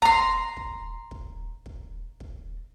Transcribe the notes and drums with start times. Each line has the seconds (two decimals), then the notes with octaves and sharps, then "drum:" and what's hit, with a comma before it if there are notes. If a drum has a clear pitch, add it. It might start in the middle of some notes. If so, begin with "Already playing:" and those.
0.02 A#5 C6, drum: kick
0.57 drum: kick
1.11 drum: kick
1.66 drum: kick
2.20 drum: kick